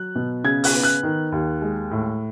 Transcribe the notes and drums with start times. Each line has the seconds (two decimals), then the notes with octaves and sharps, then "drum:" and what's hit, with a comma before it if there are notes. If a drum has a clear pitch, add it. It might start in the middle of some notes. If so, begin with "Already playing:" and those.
Already playing: F#3 F#6
0.15 B2
0.44 C#3 G#6
0.64 F#6, drum: open hi-hat
0.74 B3
0.83 F#6
1.03 D#3
1.32 D#2
1.62 G#3
1.91 A2